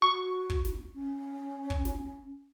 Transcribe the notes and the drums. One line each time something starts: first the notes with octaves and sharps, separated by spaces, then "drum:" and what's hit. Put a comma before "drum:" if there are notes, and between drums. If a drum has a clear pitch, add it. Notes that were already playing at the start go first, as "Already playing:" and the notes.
F#4 C#6
drum: kick
drum: snare
C#4
drum: kick
drum: snare